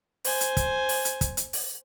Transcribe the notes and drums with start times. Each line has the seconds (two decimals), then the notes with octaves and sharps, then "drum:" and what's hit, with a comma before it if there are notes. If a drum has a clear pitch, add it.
0.24 C5 G#5, drum: open hi-hat
0.41 drum: hi-hat
0.57 drum: kick, hi-hat
0.89 drum: open hi-hat
1.05 drum: hi-hat
1.21 drum: kick, hi-hat
1.37 drum: hi-hat
1.53 drum: open hi-hat